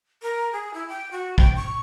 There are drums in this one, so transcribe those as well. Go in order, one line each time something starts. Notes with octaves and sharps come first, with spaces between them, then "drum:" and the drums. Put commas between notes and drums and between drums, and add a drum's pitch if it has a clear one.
A#4
G#4
E4
G5
F#4
G5, drum: kick
C#6